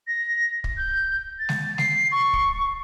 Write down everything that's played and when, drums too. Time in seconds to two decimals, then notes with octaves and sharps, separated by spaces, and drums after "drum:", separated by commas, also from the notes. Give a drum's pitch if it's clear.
0.08 A#6
0.64 drum: kick
0.77 G6
1.39 A6
1.49 drum: snare G#3
1.78 C7, drum: snare G#3
2.12 C#6
2.33 drum: kick